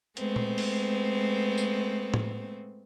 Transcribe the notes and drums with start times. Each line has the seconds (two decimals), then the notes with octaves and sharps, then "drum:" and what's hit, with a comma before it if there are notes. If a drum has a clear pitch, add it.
0.17 G#3 A3 B3 C4, drum: hi-hat
0.36 drum: tom A#2
0.58 drum: open hi-hat
1.58 drum: tambourine
2.14 drum: tom A2